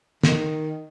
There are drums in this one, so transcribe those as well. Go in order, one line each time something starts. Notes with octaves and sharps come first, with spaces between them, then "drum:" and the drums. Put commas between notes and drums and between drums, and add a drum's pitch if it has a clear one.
D#3, drum: snare